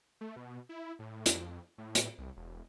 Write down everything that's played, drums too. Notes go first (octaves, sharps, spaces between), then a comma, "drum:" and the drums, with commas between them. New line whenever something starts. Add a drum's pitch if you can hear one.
A3
B2
E4
A2
F2, drum: hi-hat
A2
drum: hi-hat
C2
E1